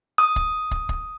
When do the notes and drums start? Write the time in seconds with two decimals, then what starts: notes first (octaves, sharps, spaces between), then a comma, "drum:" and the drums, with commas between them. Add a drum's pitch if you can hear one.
0.18 D#6
0.36 drum: kick
0.71 drum: kick
0.89 drum: kick